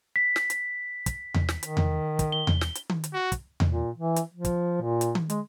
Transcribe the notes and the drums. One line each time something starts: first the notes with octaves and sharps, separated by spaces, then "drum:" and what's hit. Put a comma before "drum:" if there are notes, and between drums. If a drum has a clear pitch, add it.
B6
drum: snare
drum: hi-hat
drum: kick, hi-hat
drum: tom E2
drum: snare
D#3, drum: hi-hat
drum: tom E2
drum: kick, hi-hat
G7
drum: tom E2
drum: snare
drum: hi-hat
drum: tom D#3
drum: hi-hat
F#4
drum: kick, hi-hat
drum: tom E2
A#2
E3
drum: hi-hat
F3
drum: kick, hi-hat
A#2
drum: hi-hat
drum: tom D#3
G#3, drum: hi-hat